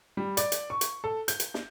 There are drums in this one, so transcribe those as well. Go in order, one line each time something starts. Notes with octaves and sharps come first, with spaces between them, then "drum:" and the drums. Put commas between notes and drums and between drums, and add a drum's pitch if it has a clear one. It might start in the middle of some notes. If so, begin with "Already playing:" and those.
G3
D5, drum: hi-hat
drum: hi-hat
C#6
drum: hi-hat
A4
G6, drum: hi-hat
drum: hi-hat
drum: snare